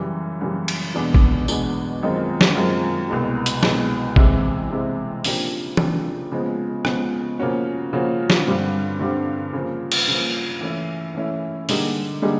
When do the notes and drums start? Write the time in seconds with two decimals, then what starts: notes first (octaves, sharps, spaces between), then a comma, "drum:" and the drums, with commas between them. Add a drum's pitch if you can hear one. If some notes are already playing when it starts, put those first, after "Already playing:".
Already playing: F#2 C#3 E3 G3
0.41 F#2 C#3 E3 G3
0.68 drum: cymbal
0.94 E2 B2 G#3 B3 D4
1.14 drum: kick
1.48 E2 B2 G#3 B3 D4, drum: tambourine
2.03 F#2 D#3 G#3 C4 F4
2.41 drum: snare
2.55 F#2 D#3 G#3 C4 F4
3.10 C2 B2 G#3
3.46 drum: hi-hat
3.63 C2 B2 G#3, drum: snare
4.16 C3 E3 G#3 C4 E4, drum: kick
4.70 C3 E3 G#3 C4 E4
5.24 C#3 F3 A#3 D4 G4, drum: open hi-hat
5.77 C#3 F3 A#3 D4 G4, drum: tom E3
6.32 C#3 F3 G#3 B3
6.85 C#3 F3 G#3 B3, drum: rim click
7.39 C#3 F3 A#3 C#4 F#4
7.93 C#3 F3 A#3 C#4 F#4
8.30 drum: snare
8.47 G2 D3 G3 C4
9.00 G2 D3 G3 C4
9.53 C#3 F3 A#3
9.92 drum: cymbal
10.08 C#3 F3 A#3
10.61 E3 A3 C#4 E4
11.15 E3 A3 C#4 E4
11.69 D3 G3 A#3 D#4 G#4, drum: open hi-hat
12.22 D3 G3 A#3 D#4 G#4